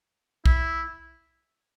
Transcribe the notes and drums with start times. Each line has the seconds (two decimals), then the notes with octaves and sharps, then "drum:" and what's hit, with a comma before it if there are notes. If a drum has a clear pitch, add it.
0.46 E4, drum: kick